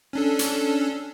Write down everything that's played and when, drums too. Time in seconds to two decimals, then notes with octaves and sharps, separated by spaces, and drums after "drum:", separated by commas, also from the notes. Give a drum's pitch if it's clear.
0.13 C#4 D4 A4
0.39 drum: hi-hat